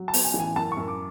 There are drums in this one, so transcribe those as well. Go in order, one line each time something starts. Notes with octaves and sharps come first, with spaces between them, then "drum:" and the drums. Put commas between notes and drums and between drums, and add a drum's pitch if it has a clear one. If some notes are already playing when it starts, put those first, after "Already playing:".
Already playing: F#3
A5
B3, drum: open hi-hat
G#5
A1
G#5
F#2 A5
F#2 C#6
D6